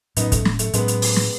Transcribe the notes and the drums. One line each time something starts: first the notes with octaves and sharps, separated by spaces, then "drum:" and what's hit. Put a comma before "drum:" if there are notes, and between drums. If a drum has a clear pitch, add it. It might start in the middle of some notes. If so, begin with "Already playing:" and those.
A2 F#3 B3 C#4 D#4, drum: hi-hat
A3, drum: kick, hi-hat
drum: snare
A3, drum: hi-hat
A2 F#3 G#3 B3 C#4, drum: hi-hat
drum: hi-hat
drum: open hi-hat
drum: snare